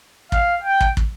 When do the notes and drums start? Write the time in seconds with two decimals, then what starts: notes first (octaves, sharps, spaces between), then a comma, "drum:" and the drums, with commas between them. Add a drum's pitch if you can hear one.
0.32 F5, drum: kick
0.64 G5
0.81 drum: kick
0.97 drum: kick